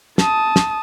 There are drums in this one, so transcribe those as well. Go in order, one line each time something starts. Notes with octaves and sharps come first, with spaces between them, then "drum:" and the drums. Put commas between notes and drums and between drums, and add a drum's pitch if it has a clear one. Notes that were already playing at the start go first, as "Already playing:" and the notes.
A5 D#6, drum: snare
drum: snare